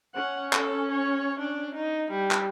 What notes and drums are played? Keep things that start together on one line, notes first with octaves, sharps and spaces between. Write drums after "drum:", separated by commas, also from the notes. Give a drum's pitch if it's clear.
C#4 F#5
A4, drum: clap
C#5
D4
D#4
G3
drum: clap